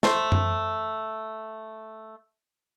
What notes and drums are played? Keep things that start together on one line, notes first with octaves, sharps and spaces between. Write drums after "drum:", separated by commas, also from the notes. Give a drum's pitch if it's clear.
A3 C5, drum: snare
drum: tom F#2